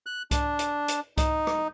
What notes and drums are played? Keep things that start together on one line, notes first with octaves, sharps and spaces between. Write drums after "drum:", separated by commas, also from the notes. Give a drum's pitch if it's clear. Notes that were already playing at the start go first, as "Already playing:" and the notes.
F#6
D4, drum: kick C2, hi-hat
drum: hi-hat
drum: hi-hat
D#4, drum: kick C2, hi-hat
drum: rim click